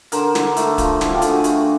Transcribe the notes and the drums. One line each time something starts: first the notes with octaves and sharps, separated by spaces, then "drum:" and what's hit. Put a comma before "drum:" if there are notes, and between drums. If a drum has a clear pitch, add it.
D3 A#4 C5, drum: hi-hat
D3, drum: snare
A3, drum: hi-hat
F3, drum: kick D1, hi-hat
D3, drum: snare
F4 G4
D3, drum: hi-hat
F#4 G#4
A3, drum: hi-hat